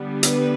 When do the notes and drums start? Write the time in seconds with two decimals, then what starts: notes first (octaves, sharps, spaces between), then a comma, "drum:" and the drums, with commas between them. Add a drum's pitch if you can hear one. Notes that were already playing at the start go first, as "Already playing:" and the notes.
Already playing: D3 G3 B3
0.23 B4, drum: hi-hat